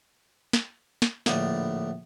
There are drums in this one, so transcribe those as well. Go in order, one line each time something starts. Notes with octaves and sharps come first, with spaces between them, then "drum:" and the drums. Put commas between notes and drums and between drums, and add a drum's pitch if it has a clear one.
drum: snare
drum: snare
A#1 A2 D3 B3 D5 F5, drum: snare